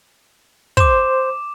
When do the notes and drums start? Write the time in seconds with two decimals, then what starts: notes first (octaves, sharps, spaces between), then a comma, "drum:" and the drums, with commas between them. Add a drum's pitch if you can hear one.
0.77 C5 D6 E7, drum: kick